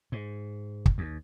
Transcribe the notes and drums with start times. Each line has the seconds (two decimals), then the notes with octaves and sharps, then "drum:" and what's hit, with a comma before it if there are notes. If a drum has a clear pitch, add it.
0.12 G#2
0.86 drum: kick
0.98 D#2